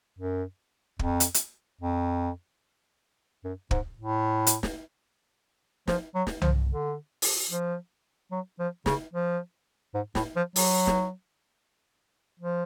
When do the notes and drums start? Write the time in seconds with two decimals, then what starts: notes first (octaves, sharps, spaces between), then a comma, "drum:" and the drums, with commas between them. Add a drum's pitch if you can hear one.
0.18 F#2
0.99 F2, drum: kick
1.20 drum: hi-hat
1.34 drum: hi-hat
1.81 F2
3.44 F#2
3.71 G#2, drum: kick
3.98 A2
4.47 drum: hi-hat
4.63 drum: snare
5.88 F3, drum: snare
6.15 F#3
6.27 drum: snare
6.42 F3, drum: tom C2
6.70 D3
7.22 drum: open hi-hat
7.51 F3
8.31 F#3
8.59 F3
8.86 C#3, drum: snare
9.13 F3
9.94 G#2
10.15 A2, drum: snare
10.36 F3
10.56 F#3, drum: open hi-hat
10.87 drum: snare
12.40 F3